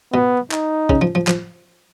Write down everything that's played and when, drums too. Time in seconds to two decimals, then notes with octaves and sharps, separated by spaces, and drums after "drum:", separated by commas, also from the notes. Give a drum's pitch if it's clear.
0.13 B2 B3
0.52 D#4, drum: clap
0.89 C#3, drum: kick
1.01 F3
1.15 F3
1.27 F3, drum: clap